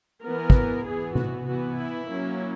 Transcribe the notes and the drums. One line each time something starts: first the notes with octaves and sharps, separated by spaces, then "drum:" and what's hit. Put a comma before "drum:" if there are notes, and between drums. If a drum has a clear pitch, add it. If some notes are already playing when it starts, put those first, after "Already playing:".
E3 B3 A#4
drum: kick
E3 B3 G#4
F#4, drum: tom C3
E3 B3 F#4
E4
F#3 A#3 C#4